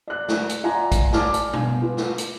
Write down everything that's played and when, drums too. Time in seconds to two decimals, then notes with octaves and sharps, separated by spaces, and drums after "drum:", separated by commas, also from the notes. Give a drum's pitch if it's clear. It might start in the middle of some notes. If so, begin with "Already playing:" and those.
0.07 D5 F#6
0.28 drum: snare
0.49 drum: hi-hat
0.64 F4 D5 E5 F#5 G#5 A#5
0.92 drum: kick, hi-hat
1.13 D5 G#5 A5 D6 F6, drum: snare
1.34 drum: hi-hat
1.53 B3 F5 G#5, drum: tom
1.82 F4 B4
1.97 drum: snare
2.18 drum: hi-hat